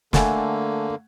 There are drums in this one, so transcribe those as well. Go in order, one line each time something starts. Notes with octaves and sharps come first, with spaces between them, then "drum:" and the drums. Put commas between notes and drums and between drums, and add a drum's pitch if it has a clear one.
D3 A3 A#3 F#5 G#5, drum: snare